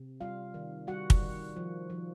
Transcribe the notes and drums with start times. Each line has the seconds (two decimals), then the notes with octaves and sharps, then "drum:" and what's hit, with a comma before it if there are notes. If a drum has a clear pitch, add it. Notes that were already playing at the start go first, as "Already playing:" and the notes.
Already playing: C3
0.21 G3 F4 F5
0.54 D#3
0.87 G3 F#4 F#5
1.10 drum: kick
1.22 D#3
1.56 F3
1.90 F3